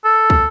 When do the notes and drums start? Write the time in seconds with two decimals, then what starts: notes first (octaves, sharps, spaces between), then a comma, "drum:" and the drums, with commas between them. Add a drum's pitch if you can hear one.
0.04 A4
0.30 drum: kick